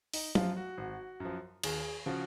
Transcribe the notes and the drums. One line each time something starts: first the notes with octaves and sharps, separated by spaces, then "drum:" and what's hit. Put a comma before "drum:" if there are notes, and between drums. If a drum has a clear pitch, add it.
D#4, drum: open hi-hat
F#2 F3 F4, drum: tom F#3
F#4
G#1
F#2
F3
D#2 G#4, drum: cymbal
C#3 F3 F#4